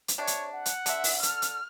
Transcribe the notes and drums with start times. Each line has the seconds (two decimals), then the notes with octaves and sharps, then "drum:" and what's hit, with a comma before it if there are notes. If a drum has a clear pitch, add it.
0.08 drum: hi-hat
0.18 C3 D4 C#5
0.27 drum: hi-hat
0.53 F#5
0.66 drum: hi-hat
0.86 D3 E5, drum: hi-hat
1.04 drum: open hi-hat
1.23 A4 F6, drum: hi-hat
1.42 drum: hi-hat